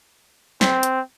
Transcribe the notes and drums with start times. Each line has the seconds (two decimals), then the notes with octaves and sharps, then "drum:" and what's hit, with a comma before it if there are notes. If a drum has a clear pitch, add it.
0.61 C4, drum: snare
0.83 drum: hi-hat